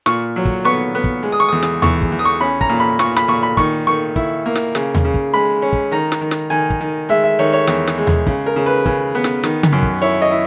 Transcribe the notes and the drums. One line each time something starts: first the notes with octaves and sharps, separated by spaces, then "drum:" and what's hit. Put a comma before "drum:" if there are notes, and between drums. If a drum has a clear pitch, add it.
A#2 C#6, drum: snare
F#3
drum: kick
B3 C#6
B3
drum: kick
G#3
D#6
C#6
E2 D#6
drum: snare
E2 C#6, drum: tom D#2
drum: kick
E2
D#6
C#6
C#4 B5
A#5, drum: kick
A#2
B5
A#2 C#6, drum: snare
B5, drum: snare
A#2 C#6
B5
D#3 C#6, drum: kick
D#3 C#6
E4, drum: kick
A#3
drum: snare
C#3, drum: snare
drum: tom D#2
C#3
drum: kick
G#3 B5
C#4
drum: kick
D#3 A#5
drum: snare
D#3
drum: snare
D#3 G#5
drum: kick
D#3
G#3 E5
E5
D#3 C#5
C#5
E2, drum: snare
drum: snare
G#3
drum: tom D#2
C#3, drum: kick
A#4
C#3
B4
C#3, drum: kick
B3
drum: snare
D#3, drum: snare
drum: tom C#3
F#2
drum: kick
E4 C#5
D#5
E4